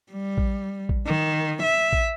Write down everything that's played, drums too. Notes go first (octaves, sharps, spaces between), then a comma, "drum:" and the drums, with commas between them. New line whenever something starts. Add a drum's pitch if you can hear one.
G3
drum: kick A1
drum: kick A1
D#3
E5
drum: kick A1